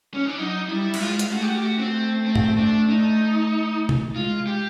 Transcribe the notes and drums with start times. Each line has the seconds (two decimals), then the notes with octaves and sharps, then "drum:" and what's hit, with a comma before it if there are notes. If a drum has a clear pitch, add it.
0.14 C#4
0.26 D4
0.37 F#3 D#4
0.69 G3 E4
0.94 E4, drum: cymbal
1.00 G#3 F4
1.19 drum: hi-hat
1.31 A3 F#4
1.41 G4
1.48 F#4
1.56 G4
1.65 F#4
1.79 C4
2.26 C4
2.36 drum: tom
2.58 D4
2.90 D#4
3.89 drum: tom
4.15 G#3 F4
4.47 G4